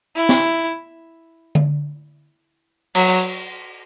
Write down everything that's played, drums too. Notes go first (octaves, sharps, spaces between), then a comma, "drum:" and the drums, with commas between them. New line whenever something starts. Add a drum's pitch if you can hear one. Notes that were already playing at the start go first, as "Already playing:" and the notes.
E4
drum: snare
drum: tom D3
F#3, drum: cymbal